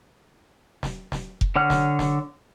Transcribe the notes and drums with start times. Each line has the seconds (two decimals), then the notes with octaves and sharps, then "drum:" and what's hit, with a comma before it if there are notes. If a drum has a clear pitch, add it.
0.83 drum: snare
1.12 drum: snare
1.41 drum: kick F1
1.56 D3 C#5 F#5 F6
1.70 drum: snare
1.99 drum: snare